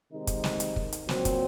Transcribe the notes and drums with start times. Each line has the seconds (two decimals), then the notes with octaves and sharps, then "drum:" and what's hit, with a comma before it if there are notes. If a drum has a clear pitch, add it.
0.11 C3 D#3 G#3 D#4
0.27 drum: kick, hi-hat
0.44 drum: snare
0.60 drum: hi-hat
0.76 drum: kick
0.92 drum: hi-hat
1.09 A#2 F#3 C4, drum: snare
1.25 drum: kick, hi-hat